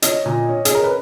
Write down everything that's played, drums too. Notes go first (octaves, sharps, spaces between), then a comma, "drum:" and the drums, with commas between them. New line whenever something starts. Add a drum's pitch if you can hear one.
C#4 D#5, drum: hi-hat
A#2
C#4
G#4, drum: hi-hat
C#4 A#4
B4